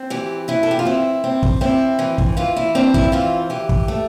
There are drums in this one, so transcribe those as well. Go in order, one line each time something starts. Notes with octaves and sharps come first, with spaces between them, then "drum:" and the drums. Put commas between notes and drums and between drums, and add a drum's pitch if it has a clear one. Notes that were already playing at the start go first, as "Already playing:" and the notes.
Already playing: C4
E3 G4
E3 E4
A4
G4
F4
C4 E4
C4
drum: kick
C4 E4
E3
drum: kick
E3 F4
E4
C4 D4
E4, drum: kick
E3 F4
E3 G4
drum: kick
A3